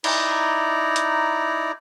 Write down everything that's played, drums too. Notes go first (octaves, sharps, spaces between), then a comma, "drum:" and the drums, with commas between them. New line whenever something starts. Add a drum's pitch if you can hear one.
D#4 E4 D5 A#5, drum: cymbal
drum: hi-hat